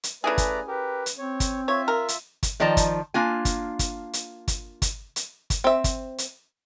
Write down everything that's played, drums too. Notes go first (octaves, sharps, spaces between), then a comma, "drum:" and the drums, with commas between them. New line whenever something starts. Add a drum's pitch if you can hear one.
drum: hi-hat
C#3 A3 E4 G#4 B4 D5 A#5
drum: kick, hi-hat
G4 A#4 B4
drum: hi-hat
C4 C#5
drum: kick, hi-hat
F4 C#5 E5
A#4
drum: hi-hat
drum: kick, hi-hat
D#3 F3 D5 D#5 A5 A#5
drum: kick, hi-hat
A#3 D4 F4 G#5
drum: kick, hi-hat
drum: kick, hi-hat
drum: hi-hat
drum: kick, hi-hat
drum: kick, hi-hat
drum: hi-hat
drum: kick, hi-hat
C4 E5
drum: kick, hi-hat
drum: hi-hat